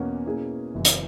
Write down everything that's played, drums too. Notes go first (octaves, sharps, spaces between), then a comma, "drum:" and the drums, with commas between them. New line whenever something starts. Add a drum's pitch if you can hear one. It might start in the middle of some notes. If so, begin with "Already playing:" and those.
Already playing: E2 B2 A#3 C#4 F#4
B2 A#3 C#4 E4 G#4
F#1 F#2 E3
drum: hi-hat